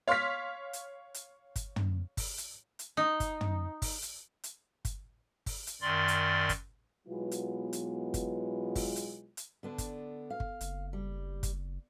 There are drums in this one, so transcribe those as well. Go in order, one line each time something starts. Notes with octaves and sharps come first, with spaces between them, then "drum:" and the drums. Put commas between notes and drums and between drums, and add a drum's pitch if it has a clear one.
C#5 F5 C6 C#6 F6 B6
drum: hi-hat
drum: hi-hat
drum: kick, hi-hat
drum: tom
drum: kick, open hi-hat
drum: hi-hat
drum: hi-hat
D#4
drum: kick, hi-hat
drum: tom
drum: kick, open hi-hat
drum: hi-hat
drum: hi-hat
drum: kick, hi-hat
drum: kick, open hi-hat
drum: hi-hat
F#2 D#3 D5 C6
drum: hi-hat
drum: kick, hi-hat
B2 F#3 G#3 B3 E4 F4
drum: hi-hat
drum: hi-hat
drum: kick, hi-hat
drum: kick, open hi-hat
drum: hi-hat
drum: hi-hat
D3 B3 D4
drum: kick, hi-hat
F5
drum: kick
F#1, drum: hi-hat
G3
drum: kick, hi-hat